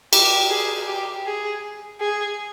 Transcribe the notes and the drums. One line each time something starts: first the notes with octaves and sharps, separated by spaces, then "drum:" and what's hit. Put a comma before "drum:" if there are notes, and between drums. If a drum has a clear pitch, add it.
G4, drum: cymbal
G#4
G4
G#4
G#4